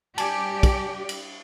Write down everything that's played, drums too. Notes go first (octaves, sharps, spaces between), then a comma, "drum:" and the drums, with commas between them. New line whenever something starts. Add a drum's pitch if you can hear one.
G3 G4 D5 G#5 A5, drum: cymbal
drum: kick, cymbal
drum: cymbal